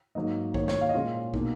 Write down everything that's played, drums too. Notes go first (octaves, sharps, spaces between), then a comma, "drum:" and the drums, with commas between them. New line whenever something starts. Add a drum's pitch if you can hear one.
G#2 F#3 A#3 D#4 D#5
D#3 A#3 D#4 C#5, drum: kick
C#5, drum: snare
F5
D#5
A#2 G#3 C#4 F4 F5
B2 A#3 D#4, drum: kick